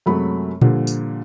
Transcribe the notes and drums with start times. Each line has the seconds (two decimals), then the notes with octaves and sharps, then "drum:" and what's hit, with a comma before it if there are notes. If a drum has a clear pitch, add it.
0.06 F#2 C3 F#3 G#3 A3 B5
0.62 A#2 D3 F3 G3, drum: tom A#2
0.87 drum: tambourine